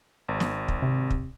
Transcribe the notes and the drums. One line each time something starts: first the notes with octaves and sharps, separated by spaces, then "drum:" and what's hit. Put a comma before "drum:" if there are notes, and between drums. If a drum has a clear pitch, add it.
G#1
drum: snare
drum: kick
C3
drum: kick